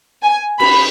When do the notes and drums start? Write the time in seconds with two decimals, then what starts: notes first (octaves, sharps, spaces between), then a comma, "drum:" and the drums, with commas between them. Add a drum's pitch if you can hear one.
0.22 G#5
0.60 B5, drum: cymbal